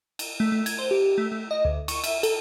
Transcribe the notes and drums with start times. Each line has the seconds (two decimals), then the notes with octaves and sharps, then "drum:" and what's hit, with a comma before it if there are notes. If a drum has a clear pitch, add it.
0.19 drum: cymbal
0.40 A3
0.52 A3
0.66 G#6, drum: cymbal
0.78 C5
0.91 G4
1.18 A3
1.32 A3
1.51 D#5
1.65 D2
1.88 C#6, drum: cymbal
2.04 E5, drum: cymbal
2.23 A4, drum: cymbal